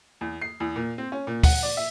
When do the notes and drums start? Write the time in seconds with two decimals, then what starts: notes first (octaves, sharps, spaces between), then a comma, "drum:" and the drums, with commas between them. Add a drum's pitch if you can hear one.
0.21 E2
0.42 C7
0.60 E2
0.76 A#2
0.98 C4
1.12 C#4
1.27 A#2
1.43 F#5, drum: kick, open hi-hat
1.63 D5
1.77 E5